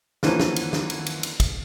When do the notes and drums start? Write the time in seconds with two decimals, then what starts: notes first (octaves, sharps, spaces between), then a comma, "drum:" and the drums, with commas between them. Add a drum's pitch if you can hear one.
0.23 D3 E3 F3 A#3 C4 C#4, drum: snare
0.40 drum: snare
0.56 drum: cymbal
0.73 drum: snare
0.90 drum: cymbal
1.06 drum: cymbal
1.23 drum: cymbal
1.40 drum: kick, cymbal